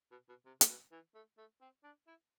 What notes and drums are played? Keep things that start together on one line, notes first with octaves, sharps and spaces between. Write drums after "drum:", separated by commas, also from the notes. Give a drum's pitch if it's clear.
B2
B2
C3
C3, drum: hi-hat
B2
E3
A3
A3
C4
D4
E4